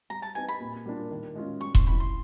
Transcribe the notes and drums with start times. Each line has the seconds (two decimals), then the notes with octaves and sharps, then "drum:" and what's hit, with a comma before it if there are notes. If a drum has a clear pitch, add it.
0.10 G3 A#5
0.22 A5
0.35 C4 D#4 G4 B4 G#5
0.48 B5
0.60 A#2
0.86 G3 A#3 D4 F4
1.11 D#3
1.35 G#3 C#4 F4
1.61 G3 C#6
1.75 C6, drum: kick E1
1.86 C4 E4 B5
2.00 C6